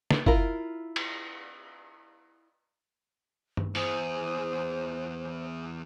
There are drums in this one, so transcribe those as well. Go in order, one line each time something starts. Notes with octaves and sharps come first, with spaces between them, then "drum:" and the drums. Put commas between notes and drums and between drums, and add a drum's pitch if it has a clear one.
drum: snare
E4 F4 A#4, drum: kick
drum: cymbal
drum: tom G2
E2 G#4 C5, drum: open hi-hat